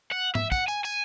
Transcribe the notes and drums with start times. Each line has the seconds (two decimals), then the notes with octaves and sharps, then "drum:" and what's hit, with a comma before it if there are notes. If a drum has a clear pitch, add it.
0.12 F#5
0.35 E5, drum: tom G#2
0.52 F#5, drum: kick, tambourine
0.68 G#5, drum: tambourine
0.85 G#5, drum: tambourine